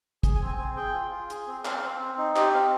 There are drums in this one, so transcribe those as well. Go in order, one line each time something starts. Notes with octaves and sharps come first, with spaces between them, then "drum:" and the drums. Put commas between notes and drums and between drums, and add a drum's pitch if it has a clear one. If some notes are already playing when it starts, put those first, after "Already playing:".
G#4, drum: kick, hi-hat
G#5
C4
G#5
C4 G#5
G#4 G5
F4
F4
G#4, drum: hi-hat
C4
C4 F5, drum: clap
C4
C4
D#4
G4 D#5, drum: clap
C4 F5